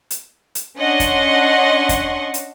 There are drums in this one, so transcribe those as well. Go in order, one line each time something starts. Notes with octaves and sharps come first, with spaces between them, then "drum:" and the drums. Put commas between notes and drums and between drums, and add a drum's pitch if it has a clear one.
drum: hi-hat
drum: hi-hat
C#4 D4 D#5 F#5 C6 C#6
drum: kick E2, hi-hat
drum: kick E2, hi-hat
drum: hi-hat